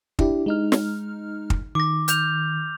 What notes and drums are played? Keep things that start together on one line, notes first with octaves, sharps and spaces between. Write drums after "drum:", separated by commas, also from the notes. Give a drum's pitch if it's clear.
D4 E4 G4, drum: kick
G#3 D#4 F6
drum: snare
drum: kick
D#3 D6 A#6
F6 G6 F7, drum: hi-hat